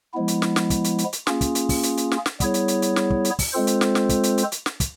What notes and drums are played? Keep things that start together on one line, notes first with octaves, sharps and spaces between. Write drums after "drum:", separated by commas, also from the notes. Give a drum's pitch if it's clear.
F3 G#3 B3 E4
drum: hi-hat
drum: snare
drum: snare
drum: kick, hi-hat
drum: hi-hat
drum: hi-hat
drum: hi-hat
A#3 C#4 F4 G#4, drum: snare
drum: kick, hi-hat
drum: hi-hat
drum: kick, open hi-hat
drum: hi-hat
drum: hi-hat
drum: snare
drum: snare
G3 B3 E4 G#4 C#5, drum: kick, hi-hat
drum: hi-hat
drum: hi-hat
drum: hi-hat
drum: snare
drum: kick
drum: hi-hat
drum: kick, open hi-hat
G#3 C4 F4 A4 C5
drum: hi-hat
drum: snare
drum: snare
drum: kick, hi-hat
drum: hi-hat
drum: hi-hat
drum: hi-hat
drum: snare
drum: kick, hi-hat